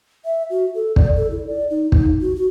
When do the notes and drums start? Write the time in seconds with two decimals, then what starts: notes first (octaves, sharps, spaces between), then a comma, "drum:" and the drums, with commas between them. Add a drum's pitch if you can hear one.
0.25 E5
0.50 F#4
0.75 A4
0.96 D5, drum: kick
1.16 A4
1.31 E4
1.47 D5
1.70 D#4
1.92 D#4, drum: kick
2.21 F#4
2.36 F#4